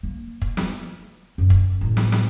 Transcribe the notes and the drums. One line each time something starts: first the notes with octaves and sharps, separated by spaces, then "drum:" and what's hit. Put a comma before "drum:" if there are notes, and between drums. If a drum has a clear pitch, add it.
A#3
drum: kick
drum: snare
F#2
drum: kick
A1
drum: snare
drum: snare